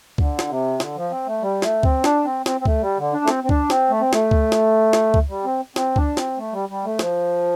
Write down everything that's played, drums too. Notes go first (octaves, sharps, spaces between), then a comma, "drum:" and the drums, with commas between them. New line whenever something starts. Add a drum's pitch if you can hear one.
D3, drum: kick C#2
drum: snare
C3
D3, drum: snare
F3
C4
A3
G3
A3, drum: snare
C4, drum: kick C#2
D4, drum: snare
C4
C4, drum: snare
C4
A3, drum: kick C#2
G3
D3
D4
A3
C4, drum: snare
C4
D4, drum: kick C#2
C4, drum: snare
A3
C4
A3, drum: snare
drum: kick C#2
drum: snare
drum: snare
drum: kick C#2
G3
C4
C4, drum: snare
D4, drum: kick C#2
C4, drum: snare
A3
G3
G3
A3
F3, drum: snare